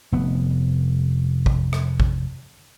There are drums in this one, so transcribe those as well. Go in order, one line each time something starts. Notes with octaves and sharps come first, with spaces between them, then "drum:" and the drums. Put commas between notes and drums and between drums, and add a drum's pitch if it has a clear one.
F1 B3
drum: kick
drum: rim click
drum: kick